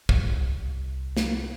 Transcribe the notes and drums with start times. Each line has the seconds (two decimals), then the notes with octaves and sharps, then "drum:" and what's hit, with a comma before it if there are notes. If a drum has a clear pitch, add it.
0.09 C2, drum: kick
1.17 drum: snare